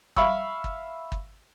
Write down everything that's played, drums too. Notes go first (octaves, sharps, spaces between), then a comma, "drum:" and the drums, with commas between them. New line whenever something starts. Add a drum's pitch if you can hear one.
E5 F5 B5 C#6 E6, drum: kick
drum: kick
drum: kick